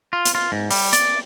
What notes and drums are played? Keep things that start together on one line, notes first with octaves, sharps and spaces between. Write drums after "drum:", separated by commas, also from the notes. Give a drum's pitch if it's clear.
F4
drum: hi-hat
F4
G#2
G3, drum: open hi-hat
D5, drum: hi-hat